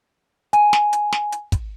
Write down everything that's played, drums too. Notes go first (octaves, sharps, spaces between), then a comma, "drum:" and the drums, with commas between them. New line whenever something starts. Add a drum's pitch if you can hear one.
G#5, drum: hi-hat
drum: snare
drum: hi-hat
drum: snare
drum: hi-hat
drum: kick, hi-hat